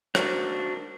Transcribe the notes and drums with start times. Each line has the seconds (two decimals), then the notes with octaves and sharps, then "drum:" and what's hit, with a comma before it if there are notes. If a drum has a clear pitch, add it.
0.15 D4 F#4 A#4 C5, drum: rim click